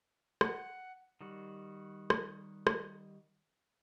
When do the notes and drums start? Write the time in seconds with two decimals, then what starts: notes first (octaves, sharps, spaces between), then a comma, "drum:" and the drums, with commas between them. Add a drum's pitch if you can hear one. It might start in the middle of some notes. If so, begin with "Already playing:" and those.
0.41 F#5, drum: rim click
1.21 D#3 G3 F#4
2.10 drum: rim click
2.67 drum: rim click